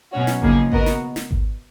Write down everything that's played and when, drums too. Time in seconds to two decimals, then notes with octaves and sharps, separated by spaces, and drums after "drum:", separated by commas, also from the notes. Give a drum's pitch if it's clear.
0.12 B2 F#3 C#4 F#4 C#5
0.27 drum: snare
0.42 C#3 F3 A#3 D#4 G#4, drum: kick G#1
0.72 B3 F#4 A#4 D#5, drum: kick G#1
0.86 drum: snare
1.16 drum: snare
1.31 drum: kick G#1